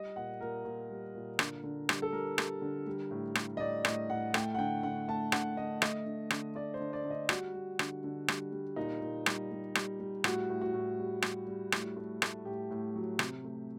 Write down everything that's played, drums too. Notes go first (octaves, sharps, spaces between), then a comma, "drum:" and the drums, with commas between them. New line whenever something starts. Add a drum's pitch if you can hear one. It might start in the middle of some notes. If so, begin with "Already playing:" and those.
Already playing: G3 D#5
A#2 F#5
A#2 A#4
A#2
G3
A#2
D3, drum: rim click
D3
G3, drum: rim click
A4
G3 A#4
G3, drum: rim click
D3
G3
A2
G3, drum: rim click
D#5
A2 D5
A2 D#5, drum: rim click
A2 F#5
A3 G5, drum: rim click
F#5
D3 G5
D3 F#5
A3 A5
D3 F#5, drum: rim click
D3 D#5
A3 D#5, drum: rim click
D3
D3, drum: rim click
A3 D5
C5
D3
D5
D3
D#5
G3 F#4, drum: rim click
G3
D3, drum: rim click
D3
G3, drum: rim click
G3
A#2 D#4
A#2
G3, drum: rim click
G3
G3, drum: rim click
G3
A2 F#4, drum: rim click
A2
F#4
A2
G3
G3, drum: rim click
G3
A2, drum: rim click
A3
A3, drum: rim click
A2 G4
A2
F#3
C3, drum: rim click
A3